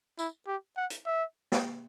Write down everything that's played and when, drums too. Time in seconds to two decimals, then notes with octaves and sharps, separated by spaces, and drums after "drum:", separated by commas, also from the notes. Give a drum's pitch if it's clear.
0.19 E4, drum: tambourine
0.47 G4
0.77 F#5
0.90 drum: hi-hat
1.06 E5
1.52 drum: snare